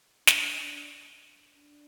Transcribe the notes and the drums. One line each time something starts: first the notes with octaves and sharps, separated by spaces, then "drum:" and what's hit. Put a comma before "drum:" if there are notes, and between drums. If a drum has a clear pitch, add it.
D4, drum: snare
D4
D4